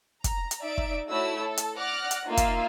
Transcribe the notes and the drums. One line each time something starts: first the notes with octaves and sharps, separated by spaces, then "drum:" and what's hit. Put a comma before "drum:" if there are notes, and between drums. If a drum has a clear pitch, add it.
A#5, drum: kick, hi-hat
drum: hi-hat
D#4 D5 E5 D7
drum: kick
A3 E4 F#4 C#5 E6
A4
drum: hi-hat
D5 F#5 D6 F6 F#6 A#6
drum: hi-hat
A#3 D#4 F4 E5 F5
drum: kick, hi-hat